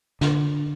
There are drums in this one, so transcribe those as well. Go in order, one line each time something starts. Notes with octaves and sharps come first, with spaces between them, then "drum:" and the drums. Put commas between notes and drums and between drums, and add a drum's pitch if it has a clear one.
D3, drum: snare